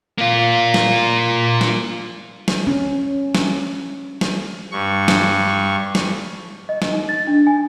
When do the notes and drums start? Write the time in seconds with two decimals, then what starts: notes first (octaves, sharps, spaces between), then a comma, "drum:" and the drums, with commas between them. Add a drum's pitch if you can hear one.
0.18 A#3 F4
0.74 drum: snare
1.61 drum: snare
2.48 drum: snare
2.67 C#4
3.35 drum: snare
4.21 drum: snare
4.72 G2 C#6
5.08 drum: snare
5.95 drum: snare
6.69 D#5
6.82 drum: snare
6.93 D#4
7.09 A6
7.27 D4
7.47 G#5